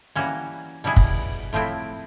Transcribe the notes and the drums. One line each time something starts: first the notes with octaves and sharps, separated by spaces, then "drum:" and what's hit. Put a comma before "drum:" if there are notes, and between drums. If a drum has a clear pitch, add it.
E3 G3 A#3 C#4 F#4
B2 G3 B3 E4 G#4
drum: kick
A2 F3 A3 C4 E4